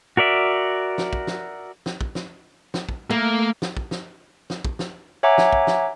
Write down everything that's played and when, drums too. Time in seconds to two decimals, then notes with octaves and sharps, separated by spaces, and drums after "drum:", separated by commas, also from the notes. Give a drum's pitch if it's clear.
0.17 F#4 A#4 D5 E5
0.98 drum: snare
1.13 drum: kick
1.27 drum: snare
1.86 drum: snare
2.01 drum: kick
2.15 drum: snare
2.74 drum: snare
2.89 drum: kick
3.10 A3 A#3
3.62 drum: snare
3.77 drum: kick
3.91 drum: snare
4.50 drum: snare
4.65 drum: kick
4.79 drum: snare
5.23 C#5 E5 F#5 G#5 A#5 D6
5.38 drum: snare
5.53 drum: kick
5.67 drum: snare